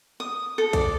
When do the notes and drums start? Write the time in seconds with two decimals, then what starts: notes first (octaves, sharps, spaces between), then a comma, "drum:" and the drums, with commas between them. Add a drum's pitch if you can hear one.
0.20 D#6
0.58 A4
0.73 D5, drum: kick, hi-hat